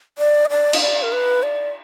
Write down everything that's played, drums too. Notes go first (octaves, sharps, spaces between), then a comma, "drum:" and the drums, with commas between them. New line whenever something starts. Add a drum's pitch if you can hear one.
D5
D#5
D5
D#5, drum: cymbal
D5
A#4
B4
D5